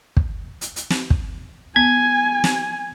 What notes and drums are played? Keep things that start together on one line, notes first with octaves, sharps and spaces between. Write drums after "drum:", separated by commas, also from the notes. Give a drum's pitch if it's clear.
drum: kick
drum: hi-hat
drum: hi-hat
drum: snare
drum: kick
B3 G#5 G#6
drum: snare